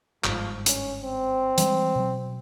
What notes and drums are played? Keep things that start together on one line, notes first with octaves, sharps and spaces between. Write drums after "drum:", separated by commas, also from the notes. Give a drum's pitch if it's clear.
G1 G#2 F3, drum: clap
C#4, drum: hi-hat
C4
E3 G3 G#3, drum: hi-hat
B2 F#3